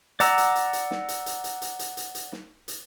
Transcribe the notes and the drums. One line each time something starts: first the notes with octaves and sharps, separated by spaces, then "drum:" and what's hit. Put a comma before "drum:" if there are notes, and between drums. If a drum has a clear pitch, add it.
D5 F#5 A#5 E6, drum: hi-hat
drum: hi-hat
drum: hi-hat
drum: hi-hat
drum: snare
drum: hi-hat
drum: hi-hat
drum: hi-hat
drum: hi-hat
drum: hi-hat
drum: hi-hat
drum: hi-hat
drum: snare
drum: hi-hat